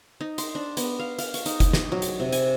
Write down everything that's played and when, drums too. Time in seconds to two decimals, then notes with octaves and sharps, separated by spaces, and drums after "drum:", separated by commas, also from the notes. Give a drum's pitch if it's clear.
0.21 D#4
0.38 C6, drum: hi-hat
0.55 D4
0.77 B3, drum: hi-hat
1.00 F5
1.19 F5, drum: hi-hat
1.34 C#6, drum: hi-hat
1.46 D#4, drum: hi-hat
1.60 drum: kick F#1, hi-hat
1.73 D#5, drum: snare
1.92 F#3
2.02 drum: hi-hat
2.20 C3
2.32 G#5, drum: hi-hat